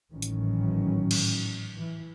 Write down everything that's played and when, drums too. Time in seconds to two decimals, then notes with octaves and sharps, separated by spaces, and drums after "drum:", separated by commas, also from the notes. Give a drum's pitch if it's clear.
0.11 G#1 A2 D#3 E3 F#3 C#4
0.22 drum: hi-hat
1.11 drum: cymbal
1.77 E3